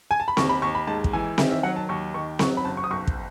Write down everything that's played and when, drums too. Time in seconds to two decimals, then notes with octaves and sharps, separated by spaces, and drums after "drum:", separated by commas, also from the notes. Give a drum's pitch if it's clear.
0.11 G#5
0.20 A5
0.28 B5
0.37 D#2 C#6, drum: snare C4
0.49 B5
0.62 D#2 C#6
0.75 B5
0.87 G#2 A5
1.04 drum: kick
1.13 E3 G#5
1.38 D#3 E5, drum: snare C4
1.51 E5
1.63 F#3 F#5
1.76 A5
1.89 D#2 C#6
2.14 D#3 C#6
2.39 F#3 C#6, drum: snare C4
2.57 B5
2.65 F#1 A5
2.77 C#6
2.84 D#6
2.91 B1 C#6
3.07 drum: kick